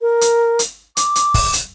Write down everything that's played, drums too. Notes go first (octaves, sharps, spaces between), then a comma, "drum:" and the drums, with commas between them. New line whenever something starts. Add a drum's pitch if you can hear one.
A#4
drum: hi-hat
drum: hi-hat
D6, drum: hi-hat
drum: hi-hat
drum: kick, open hi-hat
drum: hi-hat